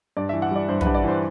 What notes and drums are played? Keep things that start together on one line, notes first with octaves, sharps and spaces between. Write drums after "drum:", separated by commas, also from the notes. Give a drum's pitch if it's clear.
G2 D5
E3 E5
F#5
G3 D5
G2 C5
B4, drum: tom
G2
D5
E3 C5